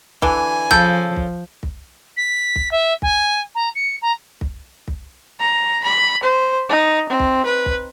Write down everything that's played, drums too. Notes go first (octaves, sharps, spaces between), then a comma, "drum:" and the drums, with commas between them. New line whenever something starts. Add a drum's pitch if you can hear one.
D3 E3 G#5, drum: kick
C#3 F3 A4 G6, drum: kick
drum: kick
drum: kick
B6
drum: kick
E5
G#5, drum: kick
A#5
C#7
A#5
drum: kick
drum: kick
A#5
B5
C5
D#4
C4
drum: kick
B4
drum: kick